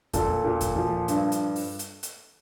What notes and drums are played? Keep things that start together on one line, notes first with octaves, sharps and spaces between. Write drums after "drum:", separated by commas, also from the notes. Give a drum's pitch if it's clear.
A#2 A4, drum: kick E2, hi-hat
A#2
drum: kick E2, hi-hat
F3
G2, drum: hi-hat
drum: hi-hat
drum: open hi-hat
drum: hi-hat
drum: hi-hat